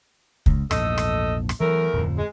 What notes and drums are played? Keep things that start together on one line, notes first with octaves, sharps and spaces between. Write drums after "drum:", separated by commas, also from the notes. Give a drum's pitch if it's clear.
C#2, drum: kick
A#1 E2 G#2 A3 A4 D#5, drum: rim click
drum: rim click
drum: rim click
E2 E3 F#3 A3 A#4
D1 F2 F3
G#3